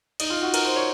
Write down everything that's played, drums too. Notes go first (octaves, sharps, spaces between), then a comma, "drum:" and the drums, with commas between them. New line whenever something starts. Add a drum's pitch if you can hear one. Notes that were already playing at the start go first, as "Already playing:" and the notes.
D#4, drum: cymbal
F4
F#4
A#4, drum: cymbal
C5
C#5